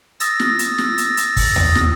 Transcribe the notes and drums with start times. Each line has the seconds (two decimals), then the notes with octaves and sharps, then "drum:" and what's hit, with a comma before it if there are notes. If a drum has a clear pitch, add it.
0.20 D#6 E6 A6 A#6, drum: hi-hat
0.39 drum: snare
0.59 drum: hi-hat
0.78 drum: snare
0.98 drum: hi-hat
1.17 drum: hi-hat
1.36 drum: kick, open hi-hat
1.56 drum: tom D#2
1.75 drum: snare